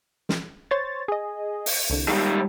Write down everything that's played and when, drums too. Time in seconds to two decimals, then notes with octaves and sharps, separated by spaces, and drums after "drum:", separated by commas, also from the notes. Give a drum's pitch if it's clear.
0.29 drum: snare
0.71 C5 C#5 A6
1.08 G#4 D#5
1.66 drum: open hi-hat
1.90 C2 D3
2.08 D#3 G3 G#3